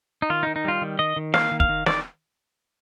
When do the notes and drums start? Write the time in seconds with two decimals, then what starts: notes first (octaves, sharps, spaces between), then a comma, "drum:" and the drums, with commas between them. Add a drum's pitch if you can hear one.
0.22 D#4
0.30 D#3 F4
0.43 D#4
0.47 D#3
0.56 D#4
0.65 G3 F4
0.82 D#3
0.99 D#3 D#5
1.16 D#3
1.34 A#3 F5, drum: snare
1.51 D#3
1.60 F5, drum: kick
1.69 D#3
1.86 D#3 D5, drum: snare